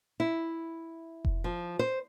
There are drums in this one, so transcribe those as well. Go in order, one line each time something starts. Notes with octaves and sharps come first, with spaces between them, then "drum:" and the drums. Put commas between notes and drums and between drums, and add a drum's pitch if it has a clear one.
E4
drum: kick F1
F3
C5